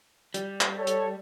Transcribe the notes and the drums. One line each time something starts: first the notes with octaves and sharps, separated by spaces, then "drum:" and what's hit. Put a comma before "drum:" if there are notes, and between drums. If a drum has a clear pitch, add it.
G3, drum: hi-hat
drum: clap
A4 C#5
drum: hi-hat